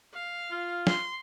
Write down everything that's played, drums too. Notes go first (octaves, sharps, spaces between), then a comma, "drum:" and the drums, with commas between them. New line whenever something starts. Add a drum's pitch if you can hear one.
F5
F4
C6, drum: snare